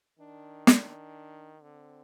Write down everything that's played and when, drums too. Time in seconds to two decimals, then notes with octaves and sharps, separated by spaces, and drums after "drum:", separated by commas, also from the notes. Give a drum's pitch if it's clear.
0.19 D#3 D4
0.67 D4, drum: snare
1.62 D3 C4